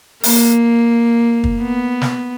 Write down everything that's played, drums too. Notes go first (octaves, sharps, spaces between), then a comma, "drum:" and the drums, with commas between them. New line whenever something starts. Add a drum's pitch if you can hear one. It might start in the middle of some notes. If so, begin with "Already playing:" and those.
A#3, drum: open hi-hat
drum: kick
B3
drum: snare